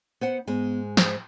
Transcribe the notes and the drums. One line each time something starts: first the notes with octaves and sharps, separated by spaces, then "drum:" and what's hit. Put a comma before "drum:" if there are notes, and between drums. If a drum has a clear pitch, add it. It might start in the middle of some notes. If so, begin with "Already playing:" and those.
B3 C5 F#5
G#2 G#3 B3
C5, drum: snare